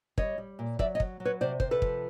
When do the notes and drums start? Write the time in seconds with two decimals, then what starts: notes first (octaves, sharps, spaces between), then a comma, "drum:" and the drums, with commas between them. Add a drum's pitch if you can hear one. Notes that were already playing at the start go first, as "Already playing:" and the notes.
0.18 G3 C#5 D#5, drum: kick
0.38 G3
0.59 A#2
0.79 F#3 D5 E5, drum: kick
0.95 C#5 D#5
1.00 F#3, drum: kick
1.20 F#3
1.25 B4 C#5
1.41 C3 C5 D5
1.60 C3 C5, drum: kick
1.71 A4 B4
1.82 F3, drum: kick